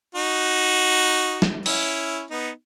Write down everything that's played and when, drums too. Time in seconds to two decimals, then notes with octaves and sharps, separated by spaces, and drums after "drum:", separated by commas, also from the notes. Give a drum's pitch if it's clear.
0.15 D#4 F#4
1.42 drum: snare
1.66 C#4 E4, drum: open hi-hat
2.31 B3 D#4